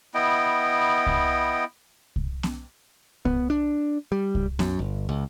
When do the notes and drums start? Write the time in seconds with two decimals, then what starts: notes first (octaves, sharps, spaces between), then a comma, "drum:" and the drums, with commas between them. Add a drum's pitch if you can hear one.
0.14 B3 E4 D#5 G5
1.07 drum: kick C2
2.16 drum: kick C2
2.43 drum: snare B3
3.25 B3, drum: kick C2
3.50 D4
4.12 G3
4.35 drum: kick C2
4.59 F#2, drum: snare B3
4.79 G1
5.09 C#2